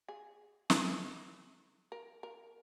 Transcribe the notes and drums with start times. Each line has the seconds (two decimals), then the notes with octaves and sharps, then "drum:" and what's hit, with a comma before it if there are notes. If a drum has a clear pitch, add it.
0.08 G#4
0.70 G#4, drum: snare
1.92 A#4
2.23 A#4